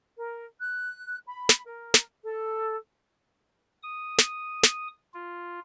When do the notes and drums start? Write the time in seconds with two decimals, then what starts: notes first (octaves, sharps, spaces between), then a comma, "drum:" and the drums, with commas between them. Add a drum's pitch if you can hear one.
0.17 A#4
0.59 F#6
1.26 B5
1.49 drum: snare
1.66 A#4
1.94 drum: snare
2.23 A4
3.83 D#6
4.18 drum: snare
4.63 drum: snare
5.14 F4